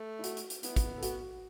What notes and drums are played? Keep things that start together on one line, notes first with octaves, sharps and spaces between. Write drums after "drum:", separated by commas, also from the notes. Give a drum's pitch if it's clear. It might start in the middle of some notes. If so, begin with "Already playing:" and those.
Already playing: A3
E4
F#4, drum: hi-hat
drum: hi-hat
drum: hi-hat
B3 E4, drum: hi-hat
drum: kick, hi-hat
A4
F#4, drum: hi-hat